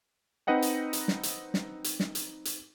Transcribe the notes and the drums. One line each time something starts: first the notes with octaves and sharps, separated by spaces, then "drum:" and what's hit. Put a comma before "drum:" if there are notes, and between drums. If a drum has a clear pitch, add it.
C4 D#4 B4 D#5 F#5 G5
drum: hi-hat
drum: hi-hat
drum: snare
drum: hi-hat
drum: snare
drum: hi-hat
drum: snare
drum: hi-hat
drum: hi-hat